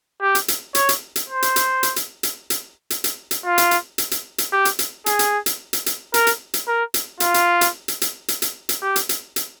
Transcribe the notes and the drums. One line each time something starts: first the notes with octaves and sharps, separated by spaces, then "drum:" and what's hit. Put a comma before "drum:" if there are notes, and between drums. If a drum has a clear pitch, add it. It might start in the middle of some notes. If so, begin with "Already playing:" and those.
G4
drum: hi-hat
drum: hi-hat
C#5, drum: hi-hat
drum: hi-hat
drum: hi-hat
C5
drum: hi-hat
drum: hi-hat
drum: hi-hat
drum: hi-hat
drum: hi-hat
drum: hi-hat
drum: hi-hat
drum: hi-hat
drum: hi-hat
F4
drum: hi-hat
drum: hi-hat
drum: hi-hat
drum: hi-hat
drum: hi-hat
G4
drum: hi-hat
drum: hi-hat
G#4, drum: hi-hat
drum: hi-hat
drum: hi-hat
drum: hi-hat
drum: hi-hat
A#4, drum: hi-hat
drum: hi-hat
drum: hi-hat
A#4
drum: hi-hat
F4, drum: hi-hat
drum: hi-hat
drum: hi-hat
drum: hi-hat
drum: hi-hat
drum: hi-hat
drum: hi-hat
drum: hi-hat
G4
drum: hi-hat
drum: hi-hat
drum: hi-hat